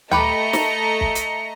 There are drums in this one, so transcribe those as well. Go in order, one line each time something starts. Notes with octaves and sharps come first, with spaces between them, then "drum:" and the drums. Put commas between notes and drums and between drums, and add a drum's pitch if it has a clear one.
A3 G4 B4 D#5 G5 A#5 C#7, drum: tom D2
drum: snare
drum: kick
drum: hi-hat